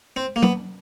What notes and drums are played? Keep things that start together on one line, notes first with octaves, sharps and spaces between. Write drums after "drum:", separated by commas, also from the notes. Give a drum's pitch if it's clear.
C4
A#3
B3, drum: tom F#3